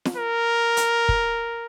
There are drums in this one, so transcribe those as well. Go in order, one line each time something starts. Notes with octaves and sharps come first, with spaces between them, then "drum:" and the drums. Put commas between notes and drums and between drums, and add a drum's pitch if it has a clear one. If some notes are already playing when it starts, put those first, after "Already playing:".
drum: snare
A#4
drum: hi-hat
drum: kick